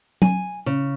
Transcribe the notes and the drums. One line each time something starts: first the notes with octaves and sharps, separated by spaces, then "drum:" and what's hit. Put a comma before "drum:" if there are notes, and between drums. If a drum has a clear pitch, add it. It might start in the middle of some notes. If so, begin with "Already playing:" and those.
G#5, drum: tom F#3
C#3